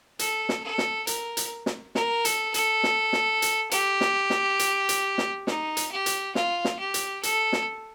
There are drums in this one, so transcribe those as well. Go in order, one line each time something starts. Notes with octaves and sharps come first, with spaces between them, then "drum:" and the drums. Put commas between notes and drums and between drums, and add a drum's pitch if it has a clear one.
A4, drum: hi-hat
drum: snare
A4
drum: snare
A#4, drum: hi-hat
drum: hi-hat
drum: snare
A#4, drum: snare
A4, drum: hi-hat
A4, drum: hi-hat
drum: snare
drum: snare
drum: hi-hat
G4, drum: hi-hat
drum: snare
drum: snare
drum: hi-hat
drum: hi-hat
drum: snare
D#4, drum: snare
drum: hi-hat
G4
drum: hi-hat
F4, drum: snare
drum: snare
G4
drum: hi-hat
A4, drum: hi-hat
drum: snare